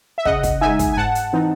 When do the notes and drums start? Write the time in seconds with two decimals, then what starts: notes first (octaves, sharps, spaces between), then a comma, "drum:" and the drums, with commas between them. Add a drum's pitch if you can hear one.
0.18 E5
0.25 C#3 D#5 F#5, drum: kick
0.43 drum: kick, hi-hat
0.61 G#3 D#4 E5 G#5
0.79 drum: kick, hi-hat
0.93 G#5
0.97 G#2 F#5 A5
1.15 drum: hi-hat
1.33 E3 C4 D#4